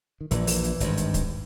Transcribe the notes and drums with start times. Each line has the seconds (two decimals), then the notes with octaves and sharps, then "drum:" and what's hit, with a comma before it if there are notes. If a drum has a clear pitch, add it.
0.21 D#3
0.31 A#1 A#2 E3, drum: hi-hat
0.47 drum: open hi-hat
0.64 drum: hi-hat
0.80 G#1 G2, drum: hi-hat
0.97 drum: hi-hat
1.14 drum: kick, hi-hat